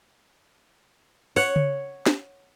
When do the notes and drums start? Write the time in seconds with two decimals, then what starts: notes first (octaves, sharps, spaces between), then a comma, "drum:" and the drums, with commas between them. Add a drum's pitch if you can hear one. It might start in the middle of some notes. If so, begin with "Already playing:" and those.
1.36 C#5 F#5, drum: open hi-hat
1.56 drum: tom C#3
2.06 drum: snare